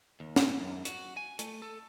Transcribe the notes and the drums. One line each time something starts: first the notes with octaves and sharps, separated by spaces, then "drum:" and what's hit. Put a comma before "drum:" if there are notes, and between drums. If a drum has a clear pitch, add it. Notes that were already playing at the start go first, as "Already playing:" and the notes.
D#2
drum: snare
F#2
F#4, drum: hi-hat
G#5
A3, drum: hi-hat
A4